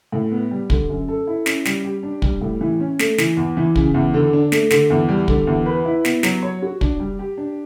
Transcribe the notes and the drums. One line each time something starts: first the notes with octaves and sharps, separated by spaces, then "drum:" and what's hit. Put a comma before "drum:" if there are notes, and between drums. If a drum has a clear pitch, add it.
A2
B3
G3
D3, drum: kick
F#2
A4
E4
C#4, drum: snare
G3, drum: snare
G4
D4
G3, drum: kick
A2
E3
C#4
A3, drum: snare
E3, drum: snare
E2
E3
C#3, drum: kick
E2
D3
D4
A3, drum: snare
D3, drum: snare
E2
G3
D3, drum: kick
E2
B4
E4
B3, drum: snare
F#3, drum: snare
C#5
F#4
D4, drum: kick
G3
G4
D4